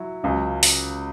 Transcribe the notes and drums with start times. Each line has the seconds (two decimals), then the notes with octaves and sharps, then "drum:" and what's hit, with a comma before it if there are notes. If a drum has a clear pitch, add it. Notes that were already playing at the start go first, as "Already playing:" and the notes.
Already playing: F#3 E4
0.23 C#2 C#3 F#3 C#4
0.63 drum: open hi-hat